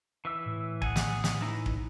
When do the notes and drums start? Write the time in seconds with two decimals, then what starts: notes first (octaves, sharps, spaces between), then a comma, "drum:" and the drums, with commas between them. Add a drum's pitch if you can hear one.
0.25 E3 E5 E6
0.46 A2
0.82 G#4 F#5 G#5, drum: kick
0.96 drum: snare
1.24 drum: snare
1.41 E3 D#4 E4
1.66 drum: kick